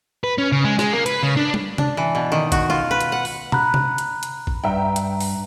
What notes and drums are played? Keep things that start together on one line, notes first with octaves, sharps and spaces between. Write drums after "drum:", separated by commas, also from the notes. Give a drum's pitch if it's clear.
B4
C#4
C#3
G#3
G#3, drum: snare
A#3
B4, drum: hi-hat
C#3
D4
drum: tom
D4, drum: tom C3
E3
B2
D#3
F#4, drum: kick, hi-hat
F4
B4
drum: hi-hat
F#5
drum: open hi-hat
A#5 B5 F#6, drum: tom
drum: tom C3
drum: hi-hat
drum: hi-hat
drum: kick
G2 B4 E5 F#5 G5 A#5
drum: hi-hat
drum: open hi-hat